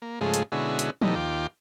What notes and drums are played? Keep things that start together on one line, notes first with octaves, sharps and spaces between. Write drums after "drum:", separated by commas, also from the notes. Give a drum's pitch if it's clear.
A#3
G#2 C#3 F3 G#3 A3
drum: hi-hat
B2 D3 G#3 C#4 E4 F#4
drum: hi-hat
B2 D#3 E3 G3 A3 D#4, drum: tom F3
D#2 F4 G5 D6